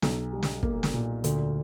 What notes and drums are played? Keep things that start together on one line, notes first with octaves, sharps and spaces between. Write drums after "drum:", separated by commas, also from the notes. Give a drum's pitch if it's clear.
B1, drum: snare
G3
drum: snare
A#3, drum: kick
drum: snare
A#2
D2, drum: hi-hat